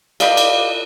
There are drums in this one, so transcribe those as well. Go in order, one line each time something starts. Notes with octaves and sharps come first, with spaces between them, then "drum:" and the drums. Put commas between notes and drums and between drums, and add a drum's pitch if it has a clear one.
G4 B4 D5 D#5 F5, drum: cymbal
drum: cymbal